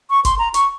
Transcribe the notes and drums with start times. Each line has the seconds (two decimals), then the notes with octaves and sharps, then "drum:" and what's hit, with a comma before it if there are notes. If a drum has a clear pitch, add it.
0.10 C#6
0.25 C6, drum: kick F#1, hi-hat
0.39 A#5
0.54 C#6, drum: hi-hat